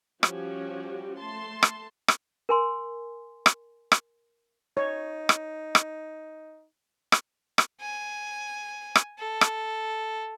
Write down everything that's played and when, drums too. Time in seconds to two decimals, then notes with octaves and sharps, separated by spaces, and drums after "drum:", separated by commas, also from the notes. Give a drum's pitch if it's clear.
0.23 F3 G3 C#4 F#4 G4, drum: rim click
1.20 A3 A5 C6
1.63 drum: rim click
2.08 drum: rim click
2.49 A#4 G#5 C6
3.46 drum: rim click
3.92 drum: rim click
4.77 D#4 C#5
5.29 drum: rim click
5.75 drum: rim click
7.12 drum: rim click
7.58 drum: rim click
7.81 G#5
8.95 drum: rim click
9.18 A4
9.41 drum: rim click